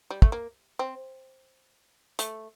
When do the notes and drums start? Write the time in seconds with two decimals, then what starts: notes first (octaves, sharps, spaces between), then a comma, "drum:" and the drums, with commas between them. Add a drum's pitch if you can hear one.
0.10 G3
0.22 A3, drum: kick
0.32 A#3
0.79 C4
2.19 A3, drum: hi-hat